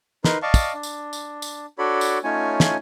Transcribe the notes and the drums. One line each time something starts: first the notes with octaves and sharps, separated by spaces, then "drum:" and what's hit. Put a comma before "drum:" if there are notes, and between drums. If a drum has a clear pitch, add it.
D#4 A#4 B4 C6, drum: snare
D5 D#5 F5 A5 C#6
drum: kick, tambourine
D4
drum: tambourine
drum: tambourine
drum: tambourine
D4 F#4 A4 C#5 D5 B5
drum: tambourine
A3 C#4 D#4 F4 C#5 G#5
drum: snare